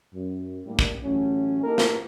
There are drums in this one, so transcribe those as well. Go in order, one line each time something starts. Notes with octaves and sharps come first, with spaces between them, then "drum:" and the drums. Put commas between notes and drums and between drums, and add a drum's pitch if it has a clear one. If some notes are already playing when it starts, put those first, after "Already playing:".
F#2
A2 G3 A3 A#3 D4 E4
drum: kick
A1 F#3 A3 C#4
A#3 D#4 E4 G4 A4 A#4
drum: snare